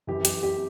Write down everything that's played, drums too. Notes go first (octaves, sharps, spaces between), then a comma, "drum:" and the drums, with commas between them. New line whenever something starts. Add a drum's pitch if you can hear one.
F#2 E3 G4
G4, drum: hi-hat
G4